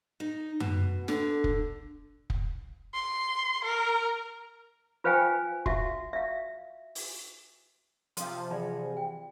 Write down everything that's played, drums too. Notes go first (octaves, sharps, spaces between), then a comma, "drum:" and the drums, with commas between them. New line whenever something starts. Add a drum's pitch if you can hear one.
D#4
B2, drum: tom F#2
D3, drum: snare
drum: kick
drum: kick
C6
A#4
F4 B4 C5 F5 G5 G#5
F#4 E5 F5, drum: kick
E5 F5
drum: open hi-hat
C3 F3 F5 C6, drum: hi-hat
E3 F4 G#4 D5 F#5
G5